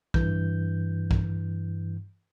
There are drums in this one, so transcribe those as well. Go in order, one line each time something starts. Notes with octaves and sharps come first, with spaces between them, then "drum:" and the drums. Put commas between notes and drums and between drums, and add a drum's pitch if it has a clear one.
G2 E3 G6, drum: kick
drum: kick